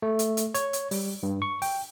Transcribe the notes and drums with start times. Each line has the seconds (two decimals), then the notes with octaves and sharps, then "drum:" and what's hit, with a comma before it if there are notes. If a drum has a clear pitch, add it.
0.02 A3
0.19 drum: hi-hat
0.37 drum: hi-hat
0.54 C#5, drum: hi-hat
0.73 drum: hi-hat
0.91 G3, drum: open hi-hat
1.23 G2
1.42 C#6
1.62 G5, drum: open hi-hat